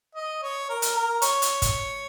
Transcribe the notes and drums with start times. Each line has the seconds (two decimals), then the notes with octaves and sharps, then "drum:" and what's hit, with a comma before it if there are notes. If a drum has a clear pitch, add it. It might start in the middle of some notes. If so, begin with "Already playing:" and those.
0.15 D#5
0.42 C#5
0.69 A#4
0.82 drum: hi-hat
0.95 A#4
1.22 C#5, drum: hi-hat
1.42 drum: hi-hat
1.62 drum: kick, hi-hat